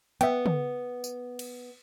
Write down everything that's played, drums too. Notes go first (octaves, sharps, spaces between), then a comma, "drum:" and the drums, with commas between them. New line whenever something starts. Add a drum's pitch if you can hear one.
B3 E5 G5, drum: hi-hat
drum: tom
drum: tambourine
drum: cymbal